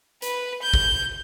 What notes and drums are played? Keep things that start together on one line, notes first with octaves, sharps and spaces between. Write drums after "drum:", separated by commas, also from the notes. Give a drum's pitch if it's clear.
B4, drum: hi-hat
G6
drum: kick G#1